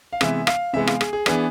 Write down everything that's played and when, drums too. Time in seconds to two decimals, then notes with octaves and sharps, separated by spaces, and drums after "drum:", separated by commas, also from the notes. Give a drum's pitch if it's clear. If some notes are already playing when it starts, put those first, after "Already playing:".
0.13 F5
0.21 C3 E3 G#3 B3 E5, drum: rim click
0.47 F5, drum: rim click
0.73 C3 E3 G#3 B3 E5
0.87 F5, drum: rim click
1.01 G#4, drum: rim click
1.13 G#4
1.26 E3 B3 D4 G#4, drum: rim click